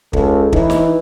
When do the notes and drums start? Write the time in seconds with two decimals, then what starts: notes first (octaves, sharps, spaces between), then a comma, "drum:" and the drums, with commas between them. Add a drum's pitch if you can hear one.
0.13 C#2 A4, drum: kick
0.53 E3 D#4, drum: kick
0.70 drum: snare